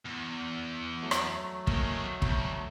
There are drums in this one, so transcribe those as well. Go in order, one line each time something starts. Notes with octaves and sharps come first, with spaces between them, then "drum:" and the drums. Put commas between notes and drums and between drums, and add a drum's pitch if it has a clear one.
E2
F#3 A3
drum: rim click
D#3 G#3 A#3, drum: kick
D2 B2, drum: kick